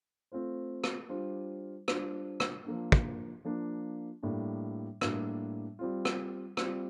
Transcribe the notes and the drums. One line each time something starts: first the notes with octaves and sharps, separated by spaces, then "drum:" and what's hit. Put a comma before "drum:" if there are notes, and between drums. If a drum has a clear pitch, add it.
A3 C4 F4 C5
drum: rim click
G3 D4 F4 C5
G3 D4 F4 C5, drum: rim click
drum: rim click
F3 A#3 D4
drum: kick
F3 A#3 D4
A2 G3 A#3 D4
A2 G3 A#3 D4, drum: rim click
G3 C4 F4
drum: rim click
G3 C4 F4, drum: rim click